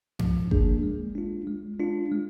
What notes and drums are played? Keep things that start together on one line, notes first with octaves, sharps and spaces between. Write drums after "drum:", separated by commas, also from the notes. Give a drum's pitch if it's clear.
F3, drum: tom G2
A#3 D4 G#4, drum: kick G1
G#3
D4 F4
G#3
D4 F4
G#3